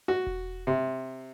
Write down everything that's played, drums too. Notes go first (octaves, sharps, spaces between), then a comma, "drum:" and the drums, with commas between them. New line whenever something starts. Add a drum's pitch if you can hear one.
F#4
drum: kick E1
C3